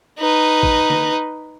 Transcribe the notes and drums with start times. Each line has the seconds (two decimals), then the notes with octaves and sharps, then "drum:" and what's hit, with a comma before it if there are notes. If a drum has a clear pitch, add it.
0.19 D#4 B4
0.63 drum: kick
0.90 drum: snare